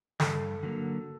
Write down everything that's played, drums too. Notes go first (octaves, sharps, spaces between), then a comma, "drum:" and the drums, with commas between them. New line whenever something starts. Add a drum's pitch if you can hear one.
G2 A4, drum: snare
D3 F#3 A#3